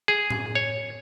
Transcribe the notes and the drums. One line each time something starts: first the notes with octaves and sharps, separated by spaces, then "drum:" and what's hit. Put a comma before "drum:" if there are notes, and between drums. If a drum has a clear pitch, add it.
G#4
drum: tom A2
C#5